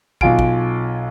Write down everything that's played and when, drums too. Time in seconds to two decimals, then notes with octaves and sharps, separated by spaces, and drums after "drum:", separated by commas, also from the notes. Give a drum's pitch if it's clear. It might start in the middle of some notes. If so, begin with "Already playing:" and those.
0.21 B1 F4 G#5 D7, drum: kick
0.39 drum: kick